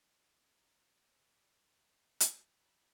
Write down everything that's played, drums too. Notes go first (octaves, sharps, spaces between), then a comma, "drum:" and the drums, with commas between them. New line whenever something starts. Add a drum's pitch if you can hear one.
A#5
C#5 D#5
D5
D#4 F#5
drum: hi-hat
A#5 B5